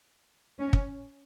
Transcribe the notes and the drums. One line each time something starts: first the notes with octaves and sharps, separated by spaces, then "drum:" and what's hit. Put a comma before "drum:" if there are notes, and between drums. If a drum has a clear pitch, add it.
C#4
drum: kick